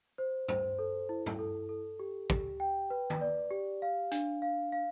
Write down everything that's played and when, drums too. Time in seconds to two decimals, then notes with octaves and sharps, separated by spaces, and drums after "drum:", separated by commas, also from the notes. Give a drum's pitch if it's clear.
0.18 C5
0.48 C5, drum: tom G2
0.79 A4
1.09 E4
1.26 drum: tom G2
1.39 A4
1.69 A4
1.99 G4
2.30 G4, drum: kick
2.60 G5
2.90 B4
3.10 drum: tom D#3
3.21 D5
3.51 G4
3.82 F5
4.12 D4, drum: hi-hat
4.42 F5
4.72 F5